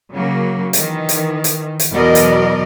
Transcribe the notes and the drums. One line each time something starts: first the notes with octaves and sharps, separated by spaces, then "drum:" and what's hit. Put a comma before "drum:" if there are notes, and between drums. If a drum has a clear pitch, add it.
C#3 F#3 A#3
D#3 E3, drum: hi-hat
drum: hi-hat
drum: hi-hat
drum: hi-hat
E2 B2 F#3 A#4 D5 D#5
drum: hi-hat